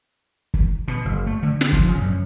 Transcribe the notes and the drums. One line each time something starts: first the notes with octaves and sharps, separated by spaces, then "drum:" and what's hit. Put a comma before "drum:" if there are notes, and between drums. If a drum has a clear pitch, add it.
drum: kick
B2
F#1
A3
D3
drum: snare
F3, drum: kick
C#3
F#2